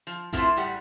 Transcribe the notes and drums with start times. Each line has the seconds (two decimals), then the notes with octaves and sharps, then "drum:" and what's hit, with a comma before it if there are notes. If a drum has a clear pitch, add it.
0.07 F3, drum: hi-hat
0.33 A3 B3 C4 E4 F4 A4, drum: kick A1
0.57 A2 G3 F#5